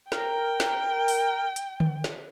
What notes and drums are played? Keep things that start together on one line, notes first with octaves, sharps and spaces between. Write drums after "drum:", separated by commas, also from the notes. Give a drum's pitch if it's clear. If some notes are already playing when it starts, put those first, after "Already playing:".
A#4 G5, drum: snare
drum: snare
drum: open hi-hat
drum: hi-hat
drum: tom D3
drum: snare